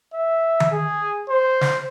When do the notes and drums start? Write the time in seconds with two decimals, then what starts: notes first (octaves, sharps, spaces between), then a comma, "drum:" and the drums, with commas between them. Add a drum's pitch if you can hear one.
0.14 E5
0.60 drum: tom D#3
0.72 G#4
1.29 C5
1.61 drum: snare